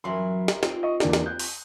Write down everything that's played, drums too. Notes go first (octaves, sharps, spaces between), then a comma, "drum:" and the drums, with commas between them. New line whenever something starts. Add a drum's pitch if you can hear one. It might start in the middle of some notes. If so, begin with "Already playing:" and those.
F#2 E3 F#3 A#4 E5 C6
drum: snare
C4 D#4 F4, drum: snare
D#5 C#6
E2 A#3 D4, drum: snare
drum: snare
F#6 G6
drum: open hi-hat